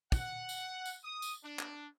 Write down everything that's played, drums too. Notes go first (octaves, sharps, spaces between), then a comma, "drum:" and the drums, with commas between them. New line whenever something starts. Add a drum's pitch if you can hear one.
F#5, drum: kick, tambourine
drum: tambourine
drum: tambourine
D#6
drum: tambourine
D4
drum: clap